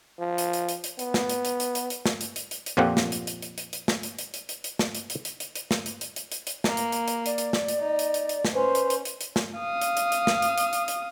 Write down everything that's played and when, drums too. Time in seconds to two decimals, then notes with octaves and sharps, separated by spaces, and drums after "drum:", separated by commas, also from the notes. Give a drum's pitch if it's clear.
0.19 F3
0.38 drum: hi-hat
0.53 drum: hi-hat
0.69 drum: hi-hat
0.84 drum: hi-hat
0.99 B3, drum: hi-hat
1.14 drum: snare
1.29 drum: hi-hat
1.45 drum: hi-hat
1.60 drum: hi-hat
1.75 drum: hi-hat
1.90 drum: hi-hat
2.06 drum: snare
2.21 drum: hi-hat
2.36 drum: hi-hat
2.51 drum: hi-hat
2.66 drum: hi-hat
2.77 F2 A#2 F3 C4 G4 F#5
2.97 drum: snare
3.12 drum: hi-hat
3.27 drum: hi-hat
3.42 drum: hi-hat
3.58 drum: hi-hat
3.73 drum: hi-hat
3.88 drum: snare
4.03 drum: hi-hat
4.19 drum: hi-hat
4.34 drum: hi-hat
4.49 drum: hi-hat
4.64 drum: hi-hat
4.79 drum: snare
4.95 drum: hi-hat
5.10 drum: hi-hat
5.25 drum: hi-hat
5.40 drum: hi-hat
5.55 drum: hi-hat
5.71 drum: snare
5.86 drum: hi-hat
6.01 drum: hi-hat
6.16 drum: hi-hat
6.32 drum: hi-hat
6.47 drum: hi-hat
6.64 A#3, drum: snare
6.77 drum: hi-hat
6.92 drum: hi-hat
7.08 drum: hi-hat
7.26 D5, drum: hi-hat
7.38 drum: hi-hat
7.53 drum: snare
7.68 drum: hi-hat
7.78 D#4
7.99 drum: hi-hat
8.14 drum: hi-hat
8.29 drum: hi-hat
8.45 drum: snare
8.54 C#4 B4 C5
8.75 drum: hi-hat
8.90 drum: hi-hat
9.05 drum: hi-hat
9.21 drum: hi-hat
9.36 drum: snare
9.60 F5 D#6
9.81 drum: hi-hat
9.97 drum: hi-hat
10.12 drum: hi-hat
10.27 drum: snare
10.42 drum: hi-hat
10.58 drum: hi-hat
10.73 drum: hi-hat
10.88 drum: hi-hat